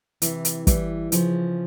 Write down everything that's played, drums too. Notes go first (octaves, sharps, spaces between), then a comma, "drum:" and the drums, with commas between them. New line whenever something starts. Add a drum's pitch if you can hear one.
C3 E3, drum: hi-hat
drum: hi-hat
E3 G3, drum: kick, hi-hat
C#3 F3, drum: hi-hat